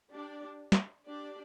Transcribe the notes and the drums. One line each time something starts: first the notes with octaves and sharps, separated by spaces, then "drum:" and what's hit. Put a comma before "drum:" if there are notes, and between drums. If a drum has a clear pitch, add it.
D4 G4 D5
drum: snare
D4 G4 D5